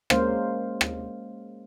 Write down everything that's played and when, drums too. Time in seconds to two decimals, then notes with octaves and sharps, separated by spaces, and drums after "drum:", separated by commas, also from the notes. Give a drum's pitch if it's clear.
0.10 G#3 A#3 C#4 C5 F5, drum: rim click
0.81 drum: rim click